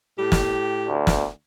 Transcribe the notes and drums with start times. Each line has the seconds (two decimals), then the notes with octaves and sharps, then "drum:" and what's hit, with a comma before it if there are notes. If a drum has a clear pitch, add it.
0.19 A2 G4
0.32 drum: snare
0.88 D2
1.07 drum: snare